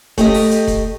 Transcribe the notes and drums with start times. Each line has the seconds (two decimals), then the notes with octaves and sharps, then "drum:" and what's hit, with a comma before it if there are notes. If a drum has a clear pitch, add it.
0.18 A3 G4 D#5, drum: kick F1, hi-hat
0.34 drum: open hi-hat
0.51 drum: hi-hat
0.67 drum: kick F1, hi-hat